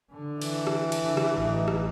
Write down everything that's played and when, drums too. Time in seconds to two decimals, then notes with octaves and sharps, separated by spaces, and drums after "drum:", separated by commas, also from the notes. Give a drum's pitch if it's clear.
0.11 D3
0.42 E3, drum: cymbal
0.67 drum: rim click
0.92 drum: cymbal
1.03 D3
1.17 drum: rim click
1.35 A1 D#4
1.68 drum: rim click